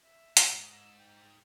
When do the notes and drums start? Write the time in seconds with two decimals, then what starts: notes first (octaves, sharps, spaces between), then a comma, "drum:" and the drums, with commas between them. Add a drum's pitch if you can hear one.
0.03 E5
0.37 G#3, drum: hi-hat
0.50 G#2 A#5
0.73 E6
0.99 G5